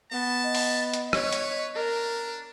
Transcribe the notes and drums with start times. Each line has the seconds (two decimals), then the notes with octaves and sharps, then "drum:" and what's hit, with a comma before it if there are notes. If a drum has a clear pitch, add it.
0.11 B3 A5
0.44 D#5
0.55 drum: open hi-hat
0.94 drum: hi-hat
1.13 B4 C#5, drum: rim click
1.32 drum: hi-hat
1.75 D4 A#4